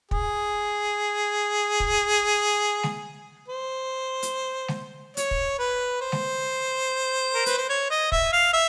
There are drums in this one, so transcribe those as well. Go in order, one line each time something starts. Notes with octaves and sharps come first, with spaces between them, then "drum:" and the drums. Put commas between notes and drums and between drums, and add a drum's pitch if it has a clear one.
G#4, drum: kick
drum: kick
drum: snare G#3
C5
drum: hi-hat
drum: snare G#3
C#5, drum: hi-hat
drum: kick
B4
C5
drum: snare G#3
A#4
B4, drum: hi-hat
C5
C#5
D#5
E5, drum: kick
F5
E5